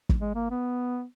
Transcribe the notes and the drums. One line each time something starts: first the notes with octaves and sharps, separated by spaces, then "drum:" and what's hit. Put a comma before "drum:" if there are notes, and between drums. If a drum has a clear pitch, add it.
drum: kick
G#3
A#3
B3